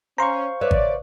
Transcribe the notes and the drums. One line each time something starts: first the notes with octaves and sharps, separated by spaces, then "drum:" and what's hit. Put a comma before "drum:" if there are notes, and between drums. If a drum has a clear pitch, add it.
C#4 C5 F5 A#5 C6 C#6
B4 C#5 D5 E5
drum: kick G#1